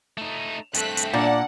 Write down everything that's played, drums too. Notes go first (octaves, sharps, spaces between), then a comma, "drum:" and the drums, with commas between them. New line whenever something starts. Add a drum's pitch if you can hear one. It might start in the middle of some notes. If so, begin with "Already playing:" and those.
A3 D#4
G2 A3 C4 F#6 B6, drum: hi-hat
drum: hi-hat
A#2 D4 F#5